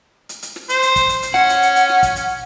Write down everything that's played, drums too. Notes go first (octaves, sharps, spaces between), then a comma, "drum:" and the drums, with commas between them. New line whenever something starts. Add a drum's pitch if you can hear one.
drum: hi-hat
drum: hi-hat
drum: snare
C5, drum: hi-hat
drum: hi-hat
drum: kick, hi-hat
drum: hi-hat
drum: hi-hat
C#4 F#5, drum: snare
drum: hi-hat
drum: hi-hat
drum: hi-hat
drum: snare
drum: kick, hi-hat
drum: hi-hat